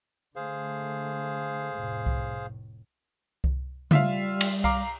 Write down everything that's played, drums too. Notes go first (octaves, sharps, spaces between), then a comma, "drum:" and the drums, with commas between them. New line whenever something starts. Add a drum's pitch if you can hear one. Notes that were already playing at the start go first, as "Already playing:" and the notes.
D3 A3 G#4 C5 F5
F1 A2
drum: kick C2
drum: kick C2
G3 F4 E5 F5, drum: tom C#3
drum: cymbal
F5 A#5 D6, drum: kick C2